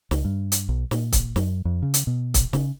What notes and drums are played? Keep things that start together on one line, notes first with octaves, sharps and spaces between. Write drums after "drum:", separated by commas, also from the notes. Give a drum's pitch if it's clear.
C#2, drum: snare
G2
drum: hi-hat
B1
A#2, drum: snare
drum: kick, hi-hat
F#2, drum: snare
F2
C#3
drum: hi-hat
B2
drum: kick, hi-hat
C#3, drum: snare